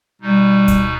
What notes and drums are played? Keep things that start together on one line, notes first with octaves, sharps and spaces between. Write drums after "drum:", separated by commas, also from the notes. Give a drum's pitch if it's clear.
B2 G3 D#4
drum: kick D1, hi-hat